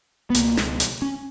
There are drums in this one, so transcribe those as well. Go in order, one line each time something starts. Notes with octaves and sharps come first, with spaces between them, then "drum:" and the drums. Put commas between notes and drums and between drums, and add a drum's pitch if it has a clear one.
B3
C#2 B2 A#3, drum: hi-hat
drum: snare
drum: hi-hat
C#4